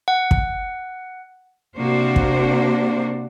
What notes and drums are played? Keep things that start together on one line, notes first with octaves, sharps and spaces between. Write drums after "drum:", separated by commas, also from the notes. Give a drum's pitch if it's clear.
F#5
drum: kick
C3 A#3 D4 F#4 C5
drum: kick